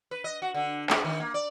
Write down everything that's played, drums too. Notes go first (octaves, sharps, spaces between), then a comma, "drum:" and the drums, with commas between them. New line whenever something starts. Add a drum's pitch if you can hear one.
B4
D#5
F#4
D3
G#3, drum: clap
D#3
A#3
D5